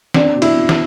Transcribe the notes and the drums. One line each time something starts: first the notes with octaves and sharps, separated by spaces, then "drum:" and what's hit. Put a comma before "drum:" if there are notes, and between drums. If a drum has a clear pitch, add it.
C4 D4, drum: snare
B2
E4, drum: cymbal
B2
drum: snare